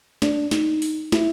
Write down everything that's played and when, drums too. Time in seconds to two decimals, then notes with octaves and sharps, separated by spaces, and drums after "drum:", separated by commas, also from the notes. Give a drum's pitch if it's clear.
0.22 D4, drum: snare
0.51 D#4, drum: snare
0.82 drum: open hi-hat
1.12 E4, drum: snare